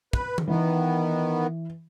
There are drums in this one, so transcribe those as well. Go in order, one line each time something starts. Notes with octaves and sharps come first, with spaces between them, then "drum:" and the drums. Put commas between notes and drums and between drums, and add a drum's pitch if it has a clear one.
B4, drum: kick
drum: tom D#3
D#3 E3 B3